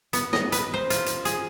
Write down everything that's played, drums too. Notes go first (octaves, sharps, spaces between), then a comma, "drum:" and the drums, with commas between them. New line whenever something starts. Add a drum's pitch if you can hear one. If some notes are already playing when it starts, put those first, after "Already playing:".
B3, drum: hi-hat
D#5, drum: snare
B4, drum: hi-hat
C5
F4, drum: hi-hat
drum: hi-hat
G#4, drum: hi-hat